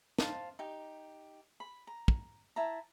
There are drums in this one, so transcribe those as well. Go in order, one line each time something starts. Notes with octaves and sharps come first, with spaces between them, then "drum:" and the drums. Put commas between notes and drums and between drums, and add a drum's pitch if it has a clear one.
C5 F5 A5, drum: snare
D#4 G4
B5
A#5
drum: kick
E4 E5 A5 A#5